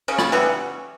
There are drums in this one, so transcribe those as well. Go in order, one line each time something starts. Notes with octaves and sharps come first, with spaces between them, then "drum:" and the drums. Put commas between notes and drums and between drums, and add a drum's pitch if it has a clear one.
C#3 C#4
drum: rim click
E3 G3 B3